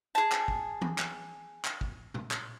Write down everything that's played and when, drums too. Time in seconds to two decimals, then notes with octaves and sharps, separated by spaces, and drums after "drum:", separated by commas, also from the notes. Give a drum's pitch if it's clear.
0.15 G#4 A5
0.32 drum: clap
0.48 drum: kick
0.81 drum: tom E3
0.98 drum: clap
1.65 drum: clap
1.81 drum: kick
2.14 drum: tom A#2
2.31 drum: clap